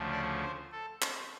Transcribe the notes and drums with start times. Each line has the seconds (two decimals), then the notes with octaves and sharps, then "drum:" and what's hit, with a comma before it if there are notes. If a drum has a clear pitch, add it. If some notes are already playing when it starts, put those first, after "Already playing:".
Already playing: D2 C#3 F3 A3
0.11 D5
0.42 C5
0.72 A4
1.02 drum: clap